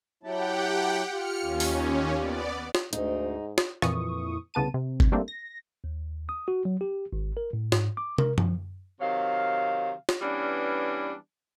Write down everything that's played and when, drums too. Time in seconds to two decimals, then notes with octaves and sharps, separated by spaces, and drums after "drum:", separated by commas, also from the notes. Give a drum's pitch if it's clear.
0.23 F#3 E4 G4 F#5 G5 A5
1.11 F4 G4 F6 C#7
1.41 D#2 C#4
1.60 drum: open hi-hat
2.17 B3 D5
2.75 drum: snare
2.93 D2 G#2 D#4, drum: hi-hat
3.58 drum: snare
3.82 F2 A#2 E3 C#6 D#6, drum: rim click
4.54 C2 C#3 B3 A5 D#7
4.74 C3
5.00 drum: kick G1
5.12 G3 A3 A#3 C4 D4
5.28 A#6
5.84 D#2
6.29 D#6
6.48 F#4
6.65 F#3
6.81 G4
7.13 G#1
7.37 A#4
7.53 A2
7.72 G#2, drum: snare
7.97 D6
8.18 A#4, drum: tom
8.38 F3, drum: tom F#2
9.01 C3 D#3 F#3 F5
10.09 drum: snare
10.21 E3 G3 B3 C#4 D4